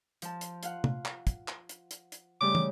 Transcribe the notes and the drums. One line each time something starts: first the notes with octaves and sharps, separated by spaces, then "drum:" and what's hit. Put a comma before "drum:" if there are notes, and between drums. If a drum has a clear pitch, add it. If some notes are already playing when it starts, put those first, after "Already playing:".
F3 A5, drum: hi-hat
drum: hi-hat
F4 F5 F#5, drum: hi-hat
drum: tom C3
drum: clap
drum: kick, hi-hat
drum: clap
drum: hi-hat
drum: hi-hat
drum: hi-hat
C#3 G3 A3 D6
drum: tom